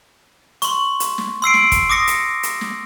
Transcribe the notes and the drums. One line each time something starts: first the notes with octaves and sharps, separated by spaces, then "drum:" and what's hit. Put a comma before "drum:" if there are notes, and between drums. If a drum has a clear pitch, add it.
C6 C#6, drum: hi-hat
drum: hi-hat
drum: snare
C6 E6 C7 D7
drum: snare
drum: kick, hi-hat
D6 D#6 A#6 C#7
drum: hi-hat
drum: hi-hat
drum: snare